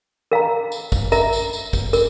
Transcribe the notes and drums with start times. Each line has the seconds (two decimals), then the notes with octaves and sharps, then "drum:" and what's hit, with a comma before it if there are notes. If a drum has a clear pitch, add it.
0.32 A#4 F5 A#5
0.72 drum: tambourine
0.92 drum: kick, tambourine
1.12 A#4 E5 A#5, drum: tambourine
1.33 drum: tambourine
1.53 drum: tambourine
1.73 drum: kick, tambourine
1.93 A#4, drum: tambourine